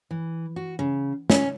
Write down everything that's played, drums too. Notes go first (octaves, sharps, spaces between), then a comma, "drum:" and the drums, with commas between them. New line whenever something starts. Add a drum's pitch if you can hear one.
E3
F#4
C#3
C#4, drum: snare